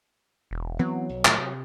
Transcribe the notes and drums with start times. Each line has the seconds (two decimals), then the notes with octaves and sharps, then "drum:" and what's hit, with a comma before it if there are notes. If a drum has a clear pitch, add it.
0.51 E1
0.79 E3 F#3 B3 C4
1.09 B1
1.25 A2 D#3 F3, drum: clap
1.38 C3